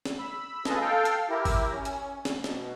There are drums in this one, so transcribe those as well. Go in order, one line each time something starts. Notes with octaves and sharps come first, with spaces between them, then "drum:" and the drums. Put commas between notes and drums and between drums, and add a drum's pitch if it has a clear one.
drum: snare
B5 E6
F4 G#4 A4 B4 D#5, drum: snare
A4 F5 G5
drum: hi-hat
E4 G4 A#4
drum: kick G#1, open hi-hat
C#4
drum: hi-hat
drum: snare
B2, drum: snare